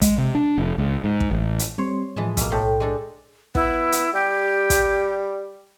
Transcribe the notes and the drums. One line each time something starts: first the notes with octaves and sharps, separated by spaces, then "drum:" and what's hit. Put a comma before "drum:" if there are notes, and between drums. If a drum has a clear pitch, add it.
G#3, drum: kick, hi-hat
C3
D4
F1
C#2
G#2
drum: kick
A1
drum: hi-hat
G3 C4 C#5 C6
A2 E3 F3 G#3 A5
B2 A#3, drum: kick, hi-hat
B1 A2 G5 A5 C6
G#3 D4 A4
B3 E4, drum: kick
drum: hi-hat
G3 G4
drum: kick, hi-hat